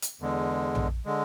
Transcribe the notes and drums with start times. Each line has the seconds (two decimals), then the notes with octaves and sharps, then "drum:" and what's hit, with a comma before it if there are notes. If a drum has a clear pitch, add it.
0.02 drum: hi-hat
0.20 E2 D3 G#3
0.75 drum: tom A#1
1.05 D3 G#3